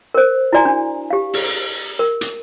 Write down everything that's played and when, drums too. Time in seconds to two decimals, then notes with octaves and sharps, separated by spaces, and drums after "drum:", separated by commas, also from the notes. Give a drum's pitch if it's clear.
0.14 A#4 C5
0.53 E4 F#4 D5 G#5 A#5
0.65 D4
1.10 G4 F5
1.33 drum: open hi-hat
1.99 A#4
2.21 drum: hi-hat